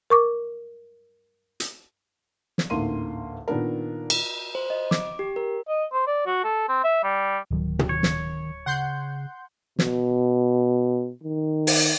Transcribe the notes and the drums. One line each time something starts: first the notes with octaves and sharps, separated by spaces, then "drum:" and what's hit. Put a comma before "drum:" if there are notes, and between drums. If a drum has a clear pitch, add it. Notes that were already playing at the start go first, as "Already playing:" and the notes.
A#4 C#6 D6
drum: hi-hat
drum: snare
A1 D2 G#2 A#3 C6 D#7
A#2 D#3 B3 D4 A#4
drum: cymbal
C5
D#5
D6, drum: snare
G4
A#4
D#5
C5
D5
F#4
A4
C4
E5
G3
D1 D#3 F#3
drum: tom
D#3 C#5
drum: snare
C#3 F#5 C6 G6
B2, drum: snare
D#3
drum: open hi-hat